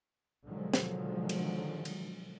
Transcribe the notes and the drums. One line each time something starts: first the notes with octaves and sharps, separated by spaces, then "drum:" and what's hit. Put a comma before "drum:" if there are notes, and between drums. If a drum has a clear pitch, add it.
B2 D3 D#3 F3 F#3 G#3
drum: snare
drum: cymbal
drum: cymbal